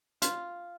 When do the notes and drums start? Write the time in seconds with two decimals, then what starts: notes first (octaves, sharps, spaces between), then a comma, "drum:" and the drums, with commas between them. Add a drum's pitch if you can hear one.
0.22 F4, drum: hi-hat